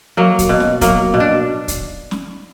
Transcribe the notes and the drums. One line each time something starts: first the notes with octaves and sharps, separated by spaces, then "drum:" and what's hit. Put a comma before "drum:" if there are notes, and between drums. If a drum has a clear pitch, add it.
F#3 A#3
drum: kick, hi-hat
B2
drum: snare
F#3 A#3, drum: kick, hi-hat
B2
D4
drum: kick, hi-hat
drum: snare